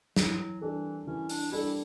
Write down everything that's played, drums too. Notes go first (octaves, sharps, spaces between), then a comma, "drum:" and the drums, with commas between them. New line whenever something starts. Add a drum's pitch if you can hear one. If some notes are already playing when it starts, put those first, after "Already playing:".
E3 F#3, drum: snare
E3 G3 D4 A4
E3 C#4
D4, drum: open hi-hat
G3 D4 E4 A4